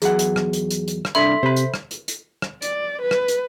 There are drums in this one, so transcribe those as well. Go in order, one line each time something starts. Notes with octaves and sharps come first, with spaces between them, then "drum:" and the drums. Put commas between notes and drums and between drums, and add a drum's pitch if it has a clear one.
E2 F#3 G#4 F#5, drum: hi-hat
drum: hi-hat
drum: rim click
drum: hi-hat
drum: hi-hat
drum: hi-hat
drum: rim click
C2 D4 A4 E5 B5 C6 B6
C3 C5 B5
drum: hi-hat
drum: rim click
drum: hi-hat
drum: hi-hat
drum: rim click
D5, drum: hi-hat
B4
drum: rim click
drum: hi-hat